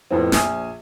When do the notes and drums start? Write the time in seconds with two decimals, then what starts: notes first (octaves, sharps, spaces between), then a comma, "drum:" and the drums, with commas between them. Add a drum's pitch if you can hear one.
0.11 F2 A2 B3 C4
0.32 A#1 G#5 D#6, drum: snare